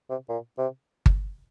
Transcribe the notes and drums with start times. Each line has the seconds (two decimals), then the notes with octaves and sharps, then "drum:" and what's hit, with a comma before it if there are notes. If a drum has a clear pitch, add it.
0.10 C3
0.29 A#2
0.58 C3
1.06 drum: kick G1